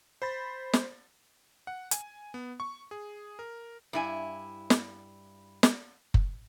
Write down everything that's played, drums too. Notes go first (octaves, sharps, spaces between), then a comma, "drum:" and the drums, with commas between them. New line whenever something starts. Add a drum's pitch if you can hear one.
C5 B5 A6
drum: snare
F#5
G#5, drum: hi-hat
B3
C#6
G#4
A#4
G2 E4 G#5
drum: snare
drum: snare
drum: kick F#1